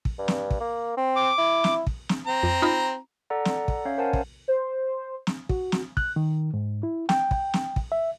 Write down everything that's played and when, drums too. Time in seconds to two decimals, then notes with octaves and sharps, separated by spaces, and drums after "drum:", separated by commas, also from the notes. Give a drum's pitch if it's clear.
0.05 drum: kick
0.18 G2
0.28 drum: snare
0.51 drum: kick
0.60 A#3
0.97 C4
1.16 D6
1.38 E4
1.64 drum: snare
1.87 drum: kick
2.09 drum: snare
2.27 C4 A#5
2.43 F2
2.62 D#4 F4 B5
3.30 A4 D5 F#5 A#5
3.45 drum: snare
3.68 drum: kick
3.85 C#4 C#5 E5 F5
3.98 A#4 C5 F#5 G#5 A5
4.13 drum: kick
4.48 C5
5.27 drum: snare
5.49 F#4, drum: kick
5.72 drum: snare
5.97 F#6, drum: kick
6.16 D#3
6.54 G#2
6.83 E4
7.09 G5, drum: snare
7.31 drum: kick
7.54 drum: snare
7.76 drum: kick
7.92 E5